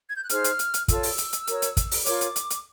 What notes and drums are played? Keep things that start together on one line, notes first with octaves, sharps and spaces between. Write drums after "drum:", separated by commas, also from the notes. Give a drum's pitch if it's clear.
G#6
G6
F#6
D#4 G#4 C5 F6, drum: hi-hat
drum: hi-hat
drum: hi-hat
drum: hi-hat
F4 A4 C#5 E6, drum: kick, hi-hat
drum: open hi-hat
drum: hi-hat
drum: hi-hat
F#4 A#4 C#5, drum: hi-hat
drum: hi-hat
drum: kick, hi-hat
drum: open hi-hat
F4 A#4 C#5 D6, drum: hi-hat
drum: hi-hat
drum: hi-hat
drum: hi-hat